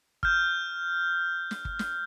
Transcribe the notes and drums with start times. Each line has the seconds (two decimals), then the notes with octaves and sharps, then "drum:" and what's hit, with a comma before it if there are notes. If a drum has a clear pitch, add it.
0.23 F6 G6, drum: kick G1
1.51 drum: snare
1.65 drum: kick G1
1.79 drum: snare